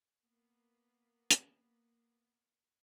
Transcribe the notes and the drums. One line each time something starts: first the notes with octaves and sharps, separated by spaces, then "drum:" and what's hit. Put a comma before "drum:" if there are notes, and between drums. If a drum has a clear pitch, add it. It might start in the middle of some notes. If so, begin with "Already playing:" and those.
A#3 B3
drum: hi-hat